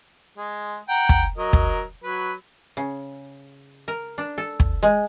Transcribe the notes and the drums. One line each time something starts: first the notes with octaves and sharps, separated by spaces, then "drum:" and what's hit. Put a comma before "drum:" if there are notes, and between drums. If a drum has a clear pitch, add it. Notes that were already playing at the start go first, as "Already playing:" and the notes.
G#3
F#5 G5 A#5
drum: kick
F#3 A#4 D#5
drum: kick
F#3 B4
C#3
A#4
D4
A4
drum: kick
G#3